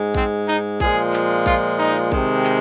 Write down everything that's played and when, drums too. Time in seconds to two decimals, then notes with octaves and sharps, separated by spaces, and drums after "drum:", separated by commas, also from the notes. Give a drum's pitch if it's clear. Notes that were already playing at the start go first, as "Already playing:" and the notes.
Already playing: G#2 G#3
0.14 C4, drum: kick A#1
0.47 D#4
0.80 A#2 F3 G#3 G#4, drum: kick A#1
1.13 drum: clap
1.46 F4, drum: kick A#1
1.78 D#4
2.12 C3 D#3 G#3, drum: kick A#1
2.44 drum: clap